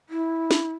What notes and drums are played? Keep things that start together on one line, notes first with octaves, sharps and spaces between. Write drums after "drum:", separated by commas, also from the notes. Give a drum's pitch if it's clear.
E4
drum: snare